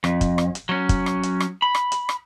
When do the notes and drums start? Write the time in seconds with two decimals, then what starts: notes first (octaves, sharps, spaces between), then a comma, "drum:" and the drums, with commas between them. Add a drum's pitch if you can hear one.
0.04 F2, drum: rim click
0.21 drum: kick, hi-hat
0.38 drum: rim click
0.55 drum: hi-hat
0.69 F#3 C#4
0.89 drum: kick, hi-hat
1.06 drum: rim click
1.23 drum: hi-hat
1.40 drum: rim click
1.62 B5
1.75 drum: rim click
1.92 drum: hi-hat
2.09 drum: rim click